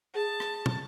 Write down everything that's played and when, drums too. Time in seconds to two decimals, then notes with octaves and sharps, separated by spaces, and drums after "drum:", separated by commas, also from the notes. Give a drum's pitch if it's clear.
0.15 G#4 A5
0.40 drum: rim click
0.66 drum: tom